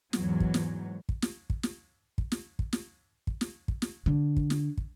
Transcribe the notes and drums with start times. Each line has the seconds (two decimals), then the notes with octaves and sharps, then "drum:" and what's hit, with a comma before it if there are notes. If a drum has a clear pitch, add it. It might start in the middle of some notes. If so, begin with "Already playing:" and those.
0.13 E2 G#2 F#3, drum: snare
0.40 drum: kick
0.54 drum: snare
1.09 drum: kick
1.22 drum: snare
1.50 drum: kick
1.63 drum: snare
2.18 drum: kick
2.32 drum: snare
2.59 drum: kick
2.73 drum: snare
3.27 drum: kick
3.41 drum: snare
3.68 drum: kick
3.82 drum: snare
4.06 D3
4.36 drum: kick
4.50 drum: snare
4.77 drum: kick